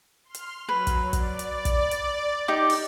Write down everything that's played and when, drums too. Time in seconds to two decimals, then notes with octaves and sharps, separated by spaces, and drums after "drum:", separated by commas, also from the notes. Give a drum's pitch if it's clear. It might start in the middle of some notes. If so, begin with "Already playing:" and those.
0.25 C6 F6
0.35 drum: hi-hat
0.69 F#3 B4
0.87 drum: kick, hi-hat
1.13 D5, drum: kick, hi-hat
1.39 drum: hi-hat
1.65 drum: kick, hi-hat
1.91 drum: hi-hat
2.48 D#4 G4 D6
2.70 drum: open hi-hat